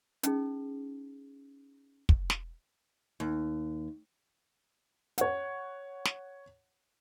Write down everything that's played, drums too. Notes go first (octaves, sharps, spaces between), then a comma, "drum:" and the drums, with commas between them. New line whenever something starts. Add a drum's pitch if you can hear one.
C#4 D#4 G#4, drum: hi-hat
drum: kick
drum: snare
D#2
C#5 F#5, drum: hi-hat
drum: snare